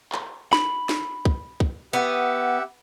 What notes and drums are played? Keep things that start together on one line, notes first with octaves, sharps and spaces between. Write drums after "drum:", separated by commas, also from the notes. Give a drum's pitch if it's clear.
drum: clap
B5, drum: snare
drum: snare
drum: kick
drum: kick
B3 G4 E5 F#5